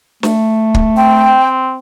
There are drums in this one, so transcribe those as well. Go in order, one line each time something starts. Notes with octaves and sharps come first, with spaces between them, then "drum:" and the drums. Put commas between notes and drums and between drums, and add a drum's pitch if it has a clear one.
A3, drum: snare
drum: kick
C4 G5